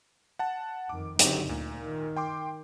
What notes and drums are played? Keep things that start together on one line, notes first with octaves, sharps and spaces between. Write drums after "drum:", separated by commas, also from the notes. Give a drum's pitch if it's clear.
F#5 A5
F2 D#3 D6
D3 F#3 C4 D#4 G4, drum: hi-hat
D2 A#2
D#3
G5 C6 D6